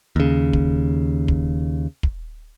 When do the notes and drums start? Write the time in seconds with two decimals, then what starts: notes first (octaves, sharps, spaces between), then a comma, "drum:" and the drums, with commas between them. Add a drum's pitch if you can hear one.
0.16 D#2 C#3
0.53 drum: kick
1.28 drum: kick
2.03 drum: kick